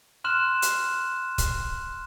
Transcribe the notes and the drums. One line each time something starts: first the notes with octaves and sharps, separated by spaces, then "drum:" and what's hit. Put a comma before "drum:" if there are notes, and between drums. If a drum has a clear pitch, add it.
C6 F6 F#6 E7
drum: hi-hat
drum: kick, hi-hat